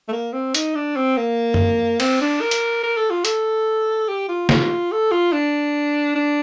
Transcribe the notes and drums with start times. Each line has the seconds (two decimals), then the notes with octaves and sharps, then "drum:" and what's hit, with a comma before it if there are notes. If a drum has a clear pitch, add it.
0.08 A3
0.12 A#3
0.33 C4
0.55 D#4, drum: hi-hat
0.75 D4
0.96 C4
1.17 A#3
1.54 drum: tom
2.00 C4, drum: cymbal
2.21 D4
2.41 A#4
2.51 drum: hi-hat
2.83 A#4
2.97 A4
3.10 F4
3.25 A4, drum: hi-hat
4.08 G4
4.29 F4
4.49 F4, drum: snare
4.92 A4
5.11 F4
5.32 D4
6.15 D4